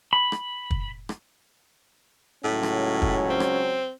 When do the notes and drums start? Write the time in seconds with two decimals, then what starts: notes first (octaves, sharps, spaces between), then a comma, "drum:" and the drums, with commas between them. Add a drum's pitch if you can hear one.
0.13 B5
0.32 drum: rim click
0.71 drum: kick
1.09 drum: rim click
2.44 C#2 A2 F#3 C#4
2.63 drum: rim click
3.02 drum: kick
3.30 C4
3.40 drum: rim click